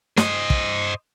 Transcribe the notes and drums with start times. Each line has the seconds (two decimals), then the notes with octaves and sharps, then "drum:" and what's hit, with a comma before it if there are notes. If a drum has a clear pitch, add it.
0.17 C5 D#5, drum: snare
0.50 drum: kick